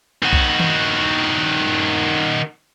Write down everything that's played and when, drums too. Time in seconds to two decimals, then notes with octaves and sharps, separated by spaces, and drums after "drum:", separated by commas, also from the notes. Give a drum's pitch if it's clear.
0.23 D#3 F#4
0.33 drum: kick
0.60 drum: tom D#3